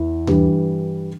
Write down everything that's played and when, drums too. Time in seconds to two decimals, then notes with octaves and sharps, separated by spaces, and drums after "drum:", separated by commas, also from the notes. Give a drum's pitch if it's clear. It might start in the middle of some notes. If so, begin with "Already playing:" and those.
Already playing: E2 E4
0.27 G2 E3 G3, drum: tom D#2